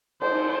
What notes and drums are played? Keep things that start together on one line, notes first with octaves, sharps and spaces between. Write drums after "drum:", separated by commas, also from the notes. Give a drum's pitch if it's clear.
C5, drum: cymbal